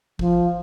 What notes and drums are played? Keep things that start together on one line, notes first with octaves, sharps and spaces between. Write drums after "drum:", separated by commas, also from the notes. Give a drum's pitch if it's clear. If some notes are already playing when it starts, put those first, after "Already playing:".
F3, drum: kick G1